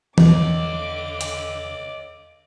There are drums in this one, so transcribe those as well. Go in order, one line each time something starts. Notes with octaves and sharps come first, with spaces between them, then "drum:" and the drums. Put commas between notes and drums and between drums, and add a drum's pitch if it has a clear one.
E2 D3 C#5 D#5 D6, drum: tom E3
drum: hi-hat